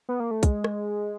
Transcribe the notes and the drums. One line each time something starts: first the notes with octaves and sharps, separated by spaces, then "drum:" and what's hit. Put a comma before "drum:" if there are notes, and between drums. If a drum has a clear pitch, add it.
B3
A#3
A3
G#3, drum: kick, hi-hat
drum: rim click